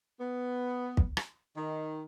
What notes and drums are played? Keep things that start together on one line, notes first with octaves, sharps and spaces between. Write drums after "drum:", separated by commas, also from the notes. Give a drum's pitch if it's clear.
B3
drum: kick
drum: rim click
D#3